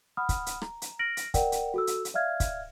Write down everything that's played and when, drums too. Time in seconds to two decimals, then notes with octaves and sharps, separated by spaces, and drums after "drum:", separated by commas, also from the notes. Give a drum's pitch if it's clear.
0.17 F#5 B5 D#6 F6
0.29 drum: kick, hi-hat
0.46 drum: hi-hat
0.62 A#5, drum: rim click
0.82 drum: hi-hat
0.99 F6 A#6 D7 F#7
1.17 drum: hi-hat
1.34 A#4 D5 F#5 G5, drum: kick, hi-hat
1.52 drum: hi-hat
1.74 F#4 A4 E6
1.87 drum: hi-hat
2.05 drum: hi-hat
2.14 D5 E5 F5 F6 G#6
2.40 drum: kick, hi-hat